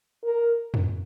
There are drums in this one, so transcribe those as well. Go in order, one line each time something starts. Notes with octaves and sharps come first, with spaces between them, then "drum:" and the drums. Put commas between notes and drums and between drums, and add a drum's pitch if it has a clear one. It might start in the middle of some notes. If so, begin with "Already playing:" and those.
A#4
drum: tom